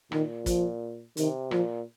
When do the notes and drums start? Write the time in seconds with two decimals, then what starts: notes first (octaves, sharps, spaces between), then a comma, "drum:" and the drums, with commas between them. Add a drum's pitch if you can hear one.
0.12 A#2 D#3, drum: rim click
0.46 F3, drum: kick, hi-hat
1.17 C3 D#3, drum: hi-hat
1.51 A#2 F3, drum: rim click